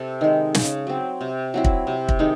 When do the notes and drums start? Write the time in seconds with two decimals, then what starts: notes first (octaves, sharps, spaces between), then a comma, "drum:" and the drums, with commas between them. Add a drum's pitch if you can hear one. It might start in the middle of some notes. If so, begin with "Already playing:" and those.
Already playing: C3 A4
0.21 D#3 G#3
0.54 C#3, drum: snare
0.87 F#3 C4
1.21 C3
1.54 F#3 C4 E4
1.64 drum: kick
1.87 C3
2.09 drum: kick
2.19 D#3 G#3 D#4